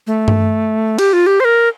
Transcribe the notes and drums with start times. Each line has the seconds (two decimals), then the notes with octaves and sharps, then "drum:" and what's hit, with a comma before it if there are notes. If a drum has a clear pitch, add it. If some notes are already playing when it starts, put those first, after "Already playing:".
0.07 A3
0.28 drum: tom G2
0.99 G4, drum: cymbal
1.13 F4
1.26 G4
1.40 C5
1.45 A#4